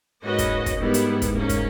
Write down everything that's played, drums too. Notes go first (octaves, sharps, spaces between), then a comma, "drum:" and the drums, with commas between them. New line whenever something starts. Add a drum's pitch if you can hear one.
G#2 A#3 C#4 F#4 B4 D#5
drum: kick, hi-hat
drum: kick, hi-hat
G#2 D#3 G3 B3 E4
drum: hi-hat
drum: kick, hi-hat
A#3 C#4
drum: kick, hi-hat